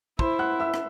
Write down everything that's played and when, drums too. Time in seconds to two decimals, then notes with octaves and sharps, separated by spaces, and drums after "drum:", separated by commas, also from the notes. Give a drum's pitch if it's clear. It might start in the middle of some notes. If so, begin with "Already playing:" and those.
0.19 E4 C5 C6, drum: kick
0.39 F#5 F#6
0.59 E5 E6
0.74 drum: rim click